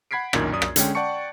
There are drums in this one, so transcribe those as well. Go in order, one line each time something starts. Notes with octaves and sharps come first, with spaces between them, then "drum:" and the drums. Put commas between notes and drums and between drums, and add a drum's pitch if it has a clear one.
F#5 B5 G#6 B6 C7 D7
B1 F#2 A#2 D#3 D4 G#6, drum: rim click
F#2 D5 D#6
drum: rim click
D3 G#3 C#4 G5, drum: hi-hat
D5 F#5 G5 A5 C#6 C#7